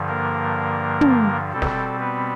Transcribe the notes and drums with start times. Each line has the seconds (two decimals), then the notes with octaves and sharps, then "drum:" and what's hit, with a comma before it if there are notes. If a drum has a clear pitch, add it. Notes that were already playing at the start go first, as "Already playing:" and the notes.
Already playing: G2 D3 F3
0.08 A#3 A#4
1.01 drum: tom
1.53 B2 G3 C4 A4
1.62 drum: snare
2.00 B3 B4